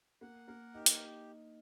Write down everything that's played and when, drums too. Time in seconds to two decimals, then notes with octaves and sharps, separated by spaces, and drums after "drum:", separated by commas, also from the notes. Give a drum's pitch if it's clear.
0.21 A#3 F#5
0.48 A#3 A#4
0.74 D#4 G4
0.86 drum: hi-hat